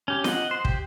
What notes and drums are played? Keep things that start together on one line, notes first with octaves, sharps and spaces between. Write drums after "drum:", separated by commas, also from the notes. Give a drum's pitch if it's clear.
C#4 G4
D#5 F#5, drum: snare
C5
G4, drum: kick